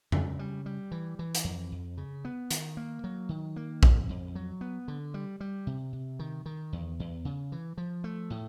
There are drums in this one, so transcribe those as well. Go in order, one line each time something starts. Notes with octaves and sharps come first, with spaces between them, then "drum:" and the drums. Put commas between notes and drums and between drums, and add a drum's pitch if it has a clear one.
C#3, drum: tom F2
G3
G3
E3
E3
drum: hi-hat
F2
F2
C#3
B3
D#3, drum: hi-hat
A#3
F#3
D#3
A#3
F2, drum: kick A#1
F2
F#3
B3
D3
G3
G3
C3
C3
D#3
D#3
E2
E2
C#3
E3
F3
A3
A2